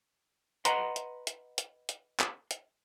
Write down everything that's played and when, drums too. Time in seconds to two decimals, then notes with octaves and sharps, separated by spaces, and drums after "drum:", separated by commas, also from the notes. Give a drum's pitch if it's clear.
0.65 B4 D#5 F#5 A#5 C6, drum: hi-hat
0.96 drum: hi-hat
1.27 drum: hi-hat
1.58 drum: hi-hat
1.89 drum: hi-hat
2.20 drum: clap
2.51 drum: hi-hat